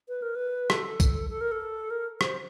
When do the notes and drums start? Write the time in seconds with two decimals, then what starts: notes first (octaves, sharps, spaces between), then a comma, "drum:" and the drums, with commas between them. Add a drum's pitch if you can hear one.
0.09 B4
0.22 A#4
0.35 B4
0.70 A4, drum: rim click
1.00 drum: kick, tambourine
1.30 A4
1.41 A#4
1.52 A4
1.90 A#4
2.21 C5, drum: rim click